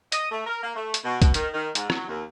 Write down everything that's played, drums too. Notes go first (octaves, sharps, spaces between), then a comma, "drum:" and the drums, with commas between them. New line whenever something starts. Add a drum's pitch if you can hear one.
D#5, drum: hi-hat
A3
A#4
A#3
A3
drum: hi-hat
B2
B2, drum: kick, hi-hat
D#3, drum: hi-hat
D#3
G#2, drum: hi-hat
F#3, drum: rim click
D#2